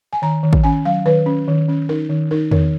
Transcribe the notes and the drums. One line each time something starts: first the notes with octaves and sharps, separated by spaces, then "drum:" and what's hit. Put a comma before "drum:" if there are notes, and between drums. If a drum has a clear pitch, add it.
G#5
D#3 A#5
D#3
drum: kick
C#4 G#5
F#3 F5
D#3 B4
C#4
D#3
C#4
D#4 A#4
D#3
D#4 A#4
D#3 A#4, drum: tom E2